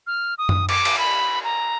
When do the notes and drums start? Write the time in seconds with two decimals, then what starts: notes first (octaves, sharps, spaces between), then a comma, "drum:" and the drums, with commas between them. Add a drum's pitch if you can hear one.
0.07 F6
0.38 D#6
0.49 drum: tom F#2
0.69 D6, drum: cymbal
0.85 drum: cymbal
0.98 B5
1.44 A#5